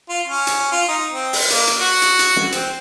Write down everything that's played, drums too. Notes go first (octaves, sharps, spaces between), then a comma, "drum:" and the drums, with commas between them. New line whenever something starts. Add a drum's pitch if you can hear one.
F4
C#4
drum: hi-hat
F4
D#4
C4
drum: open hi-hat
A#3, drum: hi-hat
drum: hi-hat
F#4
drum: hi-hat
drum: hi-hat
drum: snare
C4, drum: hi-hat